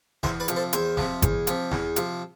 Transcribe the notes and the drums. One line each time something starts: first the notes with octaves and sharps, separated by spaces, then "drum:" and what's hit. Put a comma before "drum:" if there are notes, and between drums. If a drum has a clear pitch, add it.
E2 C5 E5, drum: snare
B4 D5
C3 F3, drum: hi-hat
A4 C5
E2 C5 E5, drum: hi-hat
C3 F3, drum: snare
E2, drum: kick G#1, hi-hat
C3 F3, drum: hi-hat
E2, drum: snare
C3 F3, drum: hi-hat